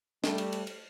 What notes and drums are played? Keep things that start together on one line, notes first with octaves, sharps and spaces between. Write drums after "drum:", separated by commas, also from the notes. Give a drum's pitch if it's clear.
G3 A3, drum: snare
drum: cymbal
drum: cymbal
drum: cymbal